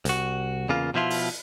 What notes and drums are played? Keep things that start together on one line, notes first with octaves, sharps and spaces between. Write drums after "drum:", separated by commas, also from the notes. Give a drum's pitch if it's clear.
C2 F#4, drum: hi-hat
E2 C#3 A#3 F4
B2 F3 E4 F4
drum: open hi-hat